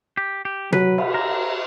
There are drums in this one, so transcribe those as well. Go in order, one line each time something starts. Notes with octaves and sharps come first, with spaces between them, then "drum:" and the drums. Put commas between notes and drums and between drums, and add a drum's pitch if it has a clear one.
G4
G4
F#3 B4, drum: tom
drum: cymbal
A#4